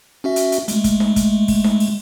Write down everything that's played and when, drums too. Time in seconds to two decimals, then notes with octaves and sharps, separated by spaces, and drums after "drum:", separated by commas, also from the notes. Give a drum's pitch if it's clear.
0.24 C#4 F#4 E5
0.36 drum: hi-hat
0.52 drum: hi-hat
0.68 G#3 A3, drum: hi-hat
0.84 drum: kick, hi-hat
1.00 drum: snare D#4
1.16 drum: kick, hi-hat
1.48 drum: kick, open hi-hat
1.64 drum: snare D#4
1.80 drum: open hi-hat